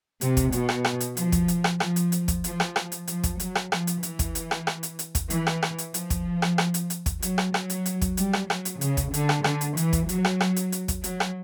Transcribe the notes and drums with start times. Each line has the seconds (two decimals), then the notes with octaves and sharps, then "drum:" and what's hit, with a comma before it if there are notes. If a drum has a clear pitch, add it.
0.21 C3, drum: hi-hat
0.37 drum: kick, hi-hat
0.52 B2, drum: hi-hat
0.69 drum: rim click
0.85 drum: rim click
1.00 drum: hi-hat
1.17 F3, drum: hi-hat
1.32 drum: kick, hi-hat
1.48 drum: hi-hat
1.64 drum: rim click
1.80 F3, drum: rim click
1.96 drum: hi-hat
2.12 drum: hi-hat
2.28 drum: kick, hi-hat
2.44 F3, drum: hi-hat
2.60 drum: rim click
2.76 drum: rim click
2.92 drum: hi-hat
3.07 F3, drum: hi-hat
3.24 drum: kick, hi-hat
3.40 F#3, drum: hi-hat
3.55 drum: rim click
3.72 F3, drum: rim click
3.87 drum: hi-hat
4.03 E3, drum: hi-hat
4.19 drum: kick, hi-hat
4.35 drum: hi-hat
4.51 drum: rim click
4.67 drum: rim click
4.83 drum: hi-hat
4.99 drum: hi-hat
5.15 drum: kick, hi-hat
5.30 E3, drum: hi-hat
5.47 drum: rim click
5.62 drum: rim click
5.78 drum: hi-hat
5.94 F3, drum: hi-hat
6.10 drum: kick, hi-hat
6.42 drum: rim click
6.58 drum: rim click
6.74 drum: hi-hat
6.90 drum: hi-hat
7.06 drum: kick, hi-hat
7.22 F#3, drum: hi-hat
7.38 drum: rim click
7.54 F#3, drum: rim click
7.70 drum: hi-hat
7.86 drum: hi-hat
8.01 drum: kick, hi-hat
8.17 G3, drum: hi-hat
8.33 drum: rim click
8.50 F#3, drum: rim click
8.65 drum: hi-hat
8.81 C#3, drum: hi-hat
8.97 drum: kick, hi-hat
9.14 D3, drum: hi-hat
9.29 drum: rim click
9.44 D3, drum: rim click
9.61 drum: hi-hat
9.77 E3, drum: hi-hat
9.93 drum: kick, hi-hat
10.09 F#3, drum: hi-hat
10.25 drum: rim click
10.40 drum: rim click
10.56 drum: hi-hat
10.72 drum: hi-hat
10.88 drum: kick, hi-hat
11.04 F#3, drum: hi-hat
11.20 drum: rim click